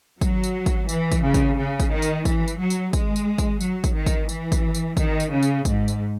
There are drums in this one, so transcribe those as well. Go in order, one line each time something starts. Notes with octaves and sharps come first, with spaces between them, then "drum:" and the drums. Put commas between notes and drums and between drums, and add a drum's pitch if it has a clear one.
F#3, drum: kick, tambourine
drum: tambourine
drum: kick, tambourine
E3, drum: tambourine
drum: kick, tambourine
C#3
drum: kick, tambourine
C#3
drum: kick, tambourine
D#3
drum: tambourine
E3, drum: kick, tambourine
drum: tambourine
F#3
drum: tambourine
G#3, drum: kick, tambourine
drum: tambourine
drum: kick, tambourine
F#3, drum: tambourine
drum: kick, tambourine
D#3
drum: kick, tambourine
E3, drum: tambourine
drum: kick, tambourine
drum: tambourine
D#3, drum: kick, tambourine
drum: tambourine
C#3
drum: tambourine
G#2, drum: kick, tambourine
drum: tambourine